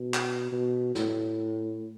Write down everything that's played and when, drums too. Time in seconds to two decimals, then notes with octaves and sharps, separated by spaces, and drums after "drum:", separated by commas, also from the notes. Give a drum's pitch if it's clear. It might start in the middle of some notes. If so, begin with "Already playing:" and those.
Already playing: B2
0.14 drum: clap
0.52 B2
0.95 A2, drum: snare